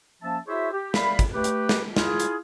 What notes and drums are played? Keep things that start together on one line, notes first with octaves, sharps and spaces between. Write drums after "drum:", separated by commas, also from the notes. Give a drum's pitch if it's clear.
F3 A#3 C#4 E5 A5
E4 F#4 G#4 C5 C#5 E5
G4
D5 E5 F5 B5, drum: snare
drum: kick, hi-hat
A3 G4 B4
drum: hi-hat
drum: snare
E4 F4 G#4, drum: snare
drum: hi-hat